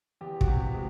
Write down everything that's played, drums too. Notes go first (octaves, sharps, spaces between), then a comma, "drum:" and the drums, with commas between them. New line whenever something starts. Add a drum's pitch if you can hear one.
E2 G4
F#4, drum: kick
C3
G4
G#3